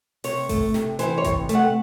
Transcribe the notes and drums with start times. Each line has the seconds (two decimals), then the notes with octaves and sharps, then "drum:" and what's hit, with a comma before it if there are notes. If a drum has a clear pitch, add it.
0.24 C3 C#5, drum: open hi-hat
0.49 A3, drum: kick G#1, open hi-hat
0.74 C3, drum: snare
0.99 E3 C5, drum: hi-hat
1.18 C#5
1.24 C3, drum: kick G#1, hi-hat
1.49 A3, drum: hi-hat
1.55 F#5